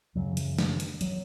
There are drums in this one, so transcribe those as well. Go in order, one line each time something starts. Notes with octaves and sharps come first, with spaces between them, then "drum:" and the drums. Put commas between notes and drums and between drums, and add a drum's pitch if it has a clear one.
F#2 C#3 F#3
E3, drum: hi-hat
drum: snare
drum: hi-hat
F#3, drum: hi-hat